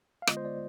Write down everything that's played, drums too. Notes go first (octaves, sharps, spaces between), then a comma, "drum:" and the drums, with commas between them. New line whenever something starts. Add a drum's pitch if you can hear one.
F5
D3 G#3 B3 F4 D#5, drum: rim click
C5
D5